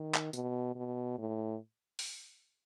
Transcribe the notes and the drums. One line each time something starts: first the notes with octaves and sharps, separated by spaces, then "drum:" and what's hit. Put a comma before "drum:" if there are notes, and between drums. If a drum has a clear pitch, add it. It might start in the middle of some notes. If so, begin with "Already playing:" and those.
Already playing: D#3
drum: clap
B2, drum: tambourine
B2
A2
drum: open hi-hat